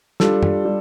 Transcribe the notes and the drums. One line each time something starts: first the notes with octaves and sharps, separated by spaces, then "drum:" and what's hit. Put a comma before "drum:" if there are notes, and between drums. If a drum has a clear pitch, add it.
G3 D4 F4 A4, drum: snare
drum: tom
G3